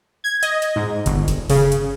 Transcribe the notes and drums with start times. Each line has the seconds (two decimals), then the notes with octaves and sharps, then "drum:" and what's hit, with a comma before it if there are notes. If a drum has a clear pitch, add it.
0.24 G#6
0.43 D#5, drum: hi-hat
0.62 drum: hi-hat
0.76 G#2
1.06 G1, drum: hi-hat
1.28 drum: kick F#1, hi-hat
1.50 C#3, drum: open hi-hat
1.72 drum: hi-hat